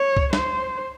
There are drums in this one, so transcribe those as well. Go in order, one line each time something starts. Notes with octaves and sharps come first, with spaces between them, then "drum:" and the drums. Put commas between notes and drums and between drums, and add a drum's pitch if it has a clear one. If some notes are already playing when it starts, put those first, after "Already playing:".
Already playing: C#5
drum: kick C2
C5, drum: snare